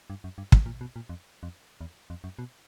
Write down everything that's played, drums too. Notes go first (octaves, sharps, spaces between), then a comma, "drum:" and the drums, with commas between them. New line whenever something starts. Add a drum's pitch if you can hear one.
G2
F#2
G2
A2, drum: kick
A#2
B2
A#2
F2
F2
E2
F2
F#2
B2